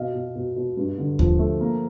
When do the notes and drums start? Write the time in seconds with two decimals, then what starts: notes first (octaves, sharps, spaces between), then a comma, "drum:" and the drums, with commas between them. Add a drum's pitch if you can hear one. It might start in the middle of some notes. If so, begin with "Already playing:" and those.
Already playing: B2 D#5 F5
0.14 B2
0.35 B2
0.56 B2
0.77 G2
0.98 D3
1.19 F3, drum: kick D#2
1.39 A3
1.61 A#3